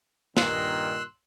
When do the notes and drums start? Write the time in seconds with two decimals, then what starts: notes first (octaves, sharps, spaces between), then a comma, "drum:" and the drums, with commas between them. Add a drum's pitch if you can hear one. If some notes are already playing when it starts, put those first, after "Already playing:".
0.37 G2 A#2 D#3 C6 E6 F#6, drum: snare